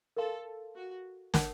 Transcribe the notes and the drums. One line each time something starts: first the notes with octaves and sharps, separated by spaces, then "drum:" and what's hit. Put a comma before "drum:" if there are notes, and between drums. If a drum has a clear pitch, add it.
A4 A#4 F5 C6
F#4
A#4 C#5 F#5 A5, drum: snare